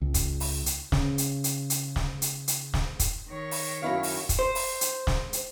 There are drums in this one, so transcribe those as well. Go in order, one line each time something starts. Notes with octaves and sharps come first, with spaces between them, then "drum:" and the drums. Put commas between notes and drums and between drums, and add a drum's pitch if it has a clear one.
C#2
drum: kick, hi-hat
drum: open hi-hat
drum: hi-hat
C#3, drum: snare
drum: hi-hat
drum: hi-hat
drum: hi-hat
drum: snare
drum: hi-hat
drum: hi-hat
drum: snare
drum: kick, hi-hat
D#3 C#5
drum: open hi-hat
F#2 E4 F5
drum: open hi-hat
drum: kick, hi-hat
C5
drum: open hi-hat
drum: hi-hat
drum: snare
drum: hi-hat